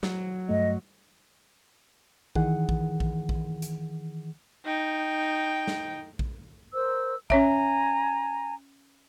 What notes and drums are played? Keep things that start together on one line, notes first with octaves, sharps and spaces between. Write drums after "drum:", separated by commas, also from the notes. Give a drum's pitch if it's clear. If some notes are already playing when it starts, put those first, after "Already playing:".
F#3, drum: snare
G2 A3 D#5
D#3 E3 G#4 F#5, drum: kick A#1
drum: kick A#1
drum: kick A#1
drum: kick A#1
drum: hi-hat
D#4 G5
drum: snare
drum: kick A#1
A#4 C5 E6
C#4 C#5 E5 G#5 A#5, drum: kick A#1